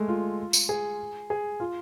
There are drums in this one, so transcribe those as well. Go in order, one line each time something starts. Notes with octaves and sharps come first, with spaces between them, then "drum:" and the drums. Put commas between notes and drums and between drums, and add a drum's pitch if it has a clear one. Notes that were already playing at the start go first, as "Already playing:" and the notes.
Already playing: G#3 A3
F4
drum: tambourine
G#4
G#4
F4